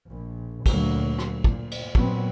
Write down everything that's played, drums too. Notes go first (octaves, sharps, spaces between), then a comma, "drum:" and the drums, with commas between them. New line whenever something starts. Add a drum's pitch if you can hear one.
A#1
D2 A#2 F#3 A#3, drum: kick, cymbal
drum: rim click
A#2, drum: kick
drum: cymbal
A#2 F#3 B3 C4, drum: kick